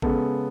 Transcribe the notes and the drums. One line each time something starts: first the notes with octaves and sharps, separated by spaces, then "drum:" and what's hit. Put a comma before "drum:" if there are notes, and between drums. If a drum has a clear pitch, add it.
C#3 G#3 B3 A4, drum: kick A1